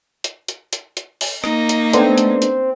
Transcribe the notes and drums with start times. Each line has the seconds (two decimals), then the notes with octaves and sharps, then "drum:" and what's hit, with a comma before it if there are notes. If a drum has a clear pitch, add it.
0.24 drum: hi-hat
0.48 drum: hi-hat
0.73 drum: hi-hat
0.97 drum: hi-hat
1.21 drum: open hi-hat
1.44 A#3 D#4, drum: rim click
1.69 drum: hi-hat
1.93 A3 B3 C4 D4, drum: hi-hat
2.18 drum: hi-hat
2.42 drum: hi-hat